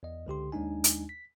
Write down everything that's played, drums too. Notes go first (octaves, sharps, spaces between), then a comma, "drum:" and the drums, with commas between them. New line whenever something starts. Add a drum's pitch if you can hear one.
E2 D#5
C#2 D3 G4 C6
D#2 G#3 D4 D#4 G#5
drum: hi-hat
B6